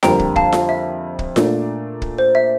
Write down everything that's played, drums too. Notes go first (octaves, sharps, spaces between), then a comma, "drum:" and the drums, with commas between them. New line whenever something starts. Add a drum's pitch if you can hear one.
F2 D3 G3 A#3 G5 A#5, drum: snare F4
drum: kick
F5 A5, drum: kick
drum: snare F4
E5
drum: kick
A#2 A3 D4, drum: snare F4
drum: kick
C5
E5